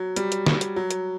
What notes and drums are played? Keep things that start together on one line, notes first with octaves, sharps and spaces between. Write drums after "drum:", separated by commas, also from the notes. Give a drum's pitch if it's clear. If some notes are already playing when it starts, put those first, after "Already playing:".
Already playing: F#3
G3, drum: hi-hat
drum: hi-hat
drum: snare
drum: hi-hat
F#3
drum: hi-hat